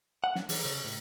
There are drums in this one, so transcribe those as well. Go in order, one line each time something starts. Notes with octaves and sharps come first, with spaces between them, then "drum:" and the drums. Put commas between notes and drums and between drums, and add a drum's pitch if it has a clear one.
F#5
D4, drum: snare
E3, drum: open hi-hat
C#3
A2